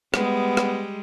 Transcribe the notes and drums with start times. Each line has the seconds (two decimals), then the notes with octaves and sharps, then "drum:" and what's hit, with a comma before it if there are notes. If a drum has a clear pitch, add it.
0.14 G3 G#3 B3, drum: rim click
0.57 drum: rim click